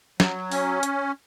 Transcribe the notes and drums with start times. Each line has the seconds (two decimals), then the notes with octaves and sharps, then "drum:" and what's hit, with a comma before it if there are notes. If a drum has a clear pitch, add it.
0.20 F#3, drum: snare
0.52 C#4, drum: open hi-hat
0.83 drum: hi-hat